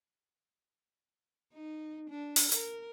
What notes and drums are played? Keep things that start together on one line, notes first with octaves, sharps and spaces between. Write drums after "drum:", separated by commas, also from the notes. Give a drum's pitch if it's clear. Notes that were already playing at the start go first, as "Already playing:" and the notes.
D#4
D4
drum: open hi-hat
A#4, drum: hi-hat